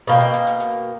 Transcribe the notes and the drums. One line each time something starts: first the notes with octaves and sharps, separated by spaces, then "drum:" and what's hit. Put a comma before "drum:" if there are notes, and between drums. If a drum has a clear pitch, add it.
B2 A#3 G5
drum: hi-hat
drum: hi-hat
drum: hi-hat
drum: hi-hat